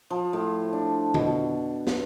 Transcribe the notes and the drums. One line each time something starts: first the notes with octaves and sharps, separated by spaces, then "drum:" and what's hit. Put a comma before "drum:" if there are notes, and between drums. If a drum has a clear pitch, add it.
F3
A2
D4
B2, drum: tom D3
F5, drum: snare